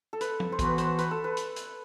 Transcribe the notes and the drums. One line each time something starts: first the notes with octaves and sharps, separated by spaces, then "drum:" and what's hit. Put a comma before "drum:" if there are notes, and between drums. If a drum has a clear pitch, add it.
A4
B4, drum: hi-hat
drum: tom
C5
E3 B3 F#4, drum: kick, hi-hat
B4
C5, drum: hi-hat
B4, drum: hi-hat
A4
B4
drum: hi-hat
drum: hi-hat